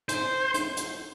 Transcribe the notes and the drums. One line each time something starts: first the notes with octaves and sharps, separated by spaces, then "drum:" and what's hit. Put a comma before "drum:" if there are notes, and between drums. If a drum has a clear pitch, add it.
C5, drum: hi-hat
drum: hi-hat
drum: hi-hat